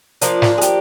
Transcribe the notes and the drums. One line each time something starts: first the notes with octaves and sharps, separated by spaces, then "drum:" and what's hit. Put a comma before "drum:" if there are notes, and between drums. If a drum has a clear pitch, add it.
F3 A#3 D4 F4, drum: hi-hat
drum: snare
G#4
G4, drum: hi-hat